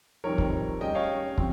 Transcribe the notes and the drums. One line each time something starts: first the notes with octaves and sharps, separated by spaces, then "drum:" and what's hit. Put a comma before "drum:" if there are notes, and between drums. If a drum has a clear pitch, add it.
F2 D#3 G3 C4 A#4 C#5
drum: kick
G3 C#4 G#4 D#5 G5
C#5 F5
F3 C4, drum: kick